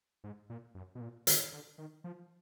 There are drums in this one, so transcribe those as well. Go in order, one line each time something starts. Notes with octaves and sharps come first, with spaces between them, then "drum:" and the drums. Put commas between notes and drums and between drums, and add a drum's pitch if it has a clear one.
G#2
A#2
F#2
B2
A#2
D#3, drum: hi-hat
D3
D#3
F3